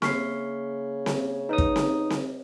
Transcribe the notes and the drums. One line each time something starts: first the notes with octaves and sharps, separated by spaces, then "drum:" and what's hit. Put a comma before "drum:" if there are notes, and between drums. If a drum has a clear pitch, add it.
C#3 A#3 C#6 F6 B6 C7, drum: snare C4
drum: snare C4
D#4 B4 C#5 D#5 D#6
drum: kick
drum: snare C4
drum: snare C4